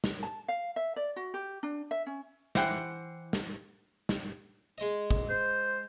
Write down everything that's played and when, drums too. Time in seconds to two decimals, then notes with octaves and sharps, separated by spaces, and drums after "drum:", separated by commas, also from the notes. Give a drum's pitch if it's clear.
0.04 drum: snare
0.23 A5
0.48 F5
0.76 E5
0.96 D5
1.16 F#4
1.34 G4
1.63 D4
1.91 E5
2.06 C#4
2.55 E3 C5 F#5 G5, drum: snare
3.33 drum: snare
4.09 drum: snare
4.78 G#3 D#5
5.10 drum: kick
5.30 C5